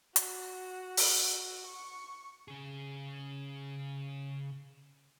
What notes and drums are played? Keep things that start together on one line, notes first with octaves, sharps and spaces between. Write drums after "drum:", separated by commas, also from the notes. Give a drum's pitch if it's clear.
F#4, drum: hi-hat
drum: open hi-hat
C#6
C#3 G#4